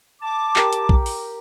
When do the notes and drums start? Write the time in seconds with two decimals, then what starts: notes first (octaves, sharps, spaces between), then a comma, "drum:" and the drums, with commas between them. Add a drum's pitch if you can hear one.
0.22 A5 D6
0.56 G4 A#4, drum: clap
0.73 drum: hi-hat
0.89 drum: kick
1.06 drum: open hi-hat